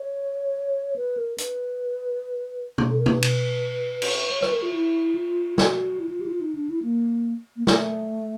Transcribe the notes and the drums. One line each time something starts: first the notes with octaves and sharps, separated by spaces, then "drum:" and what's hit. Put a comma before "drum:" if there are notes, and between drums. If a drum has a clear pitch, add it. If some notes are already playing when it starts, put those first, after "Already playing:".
Already playing: C#5
B4
A#4
B4, drum: hi-hat
drum: tom B2
A4
A#4
B4, drum: tom B2
drum: cymbal
drum: cymbal
C#5
B4, drum: rim click
A#4
F4
E4
F4
F#4, drum: snare
E4
F4
G4
E4
F4
D#4
D4
E4
A#3
A#3
A3, drum: snare